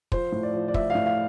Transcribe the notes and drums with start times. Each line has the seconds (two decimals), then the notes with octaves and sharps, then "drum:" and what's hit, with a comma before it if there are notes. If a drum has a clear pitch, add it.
0.12 F3 C5, drum: kick
0.32 A2
0.43 D5
0.54 F3
0.68 D5
0.74 F3 E5, drum: kick
0.90 A2 F5
1.06 F5